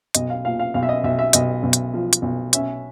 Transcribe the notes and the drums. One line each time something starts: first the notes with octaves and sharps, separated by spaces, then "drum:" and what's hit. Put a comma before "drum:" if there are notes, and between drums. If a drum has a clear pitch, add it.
B1 D#5, drum: hi-hat
F5
A#2 F5
F5
B1 F5
E5
D#5
B1 E5
E5
B1 D#5, drum: hi-hat
B1
drum: hi-hat
F3
drum: hi-hat
B1
C#4 E5, drum: hi-hat